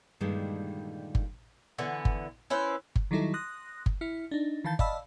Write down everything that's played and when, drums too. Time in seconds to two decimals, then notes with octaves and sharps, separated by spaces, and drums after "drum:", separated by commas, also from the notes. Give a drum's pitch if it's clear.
0.20 G2 A#2 D3 D#3 G3 G#3
1.15 drum: kick G1
1.78 D3 E3 B3
2.05 drum: kick G1
2.50 C#4 E4 B4 C5
2.96 drum: kick G1
3.11 D#3 F#3 G3 D#4 E4 A4
3.34 C6 D#6 F#6 A#6
3.86 drum: kick G1
4.01 E4 F6 C#7
4.31 D4 D#4
4.64 D#3 E3 F5 A5 G6 A6
4.79 D5 D#5 F5 A5 B5 E6, drum: kick G1